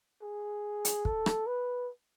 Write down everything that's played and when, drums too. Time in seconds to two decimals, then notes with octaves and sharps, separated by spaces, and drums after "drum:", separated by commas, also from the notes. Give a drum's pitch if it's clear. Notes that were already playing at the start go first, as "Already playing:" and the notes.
0.23 G#4
0.85 drum: hi-hat
1.05 A4, drum: kick
1.26 drum: rim click
1.47 B4